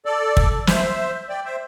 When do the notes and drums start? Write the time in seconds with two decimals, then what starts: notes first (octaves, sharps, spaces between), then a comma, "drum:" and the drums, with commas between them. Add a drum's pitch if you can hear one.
0.06 A4 D5
0.37 drum: kick
0.67 C5 E5, drum: snare
1.29 D5 G5
1.45 C5 E5